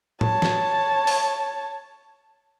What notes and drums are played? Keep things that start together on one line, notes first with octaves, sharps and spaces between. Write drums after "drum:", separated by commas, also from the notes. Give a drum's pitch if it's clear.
C#5 A5, drum: tom A2
drum: snare
drum: open hi-hat